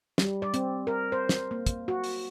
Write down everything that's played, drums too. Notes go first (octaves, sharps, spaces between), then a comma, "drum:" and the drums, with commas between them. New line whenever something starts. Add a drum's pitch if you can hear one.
G3, drum: snare
D5
C4, drum: hi-hat
A#4
C5
drum: snare
A#3
drum: kick, hi-hat
F#4
drum: open hi-hat